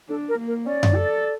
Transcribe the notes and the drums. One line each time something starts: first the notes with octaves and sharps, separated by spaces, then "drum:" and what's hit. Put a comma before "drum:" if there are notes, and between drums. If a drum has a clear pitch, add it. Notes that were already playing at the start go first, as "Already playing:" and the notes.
D4 A4
A#4
A#3
A#4
C#4 D5
drum: tom F#2
A4